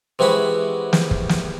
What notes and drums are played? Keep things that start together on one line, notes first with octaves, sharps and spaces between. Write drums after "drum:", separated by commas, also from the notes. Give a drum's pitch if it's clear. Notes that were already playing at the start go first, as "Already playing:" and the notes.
C3 E3 G#3 F#4 F#5 B5
drum: snare
drum: kick
drum: snare